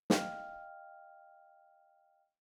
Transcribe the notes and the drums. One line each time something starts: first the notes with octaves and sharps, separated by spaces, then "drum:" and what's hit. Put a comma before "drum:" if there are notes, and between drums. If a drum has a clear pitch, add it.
D#5 F5 G5 F6, drum: snare